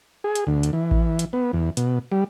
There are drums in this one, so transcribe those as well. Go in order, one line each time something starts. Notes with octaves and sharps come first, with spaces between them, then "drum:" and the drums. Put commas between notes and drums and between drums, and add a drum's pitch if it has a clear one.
G#4
drum: hi-hat
D2
drum: hi-hat
E3
drum: kick A1
drum: hi-hat
B3
E2
B2, drum: hi-hat
G3